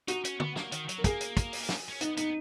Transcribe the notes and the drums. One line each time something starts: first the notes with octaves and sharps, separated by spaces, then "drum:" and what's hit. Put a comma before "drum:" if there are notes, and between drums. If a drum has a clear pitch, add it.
D#4 F#4, drum: hi-hat
C#4, drum: hi-hat
B3, drum: tom D3
A#3, drum: snare
D#3, drum: hi-hat
F#3, drum: hi-hat
A#4
A#3 G#4, drum: kick, hi-hat
drum: hi-hat
drum: kick, hi-hat
drum: open hi-hat
drum: snare
C#4
B3 D#4, drum: hi-hat
B3 D#4, drum: hi-hat